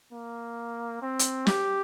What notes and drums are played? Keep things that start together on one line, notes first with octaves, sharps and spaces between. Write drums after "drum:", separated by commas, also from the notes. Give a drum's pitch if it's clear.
A#3
C4
drum: hi-hat
G4, drum: snare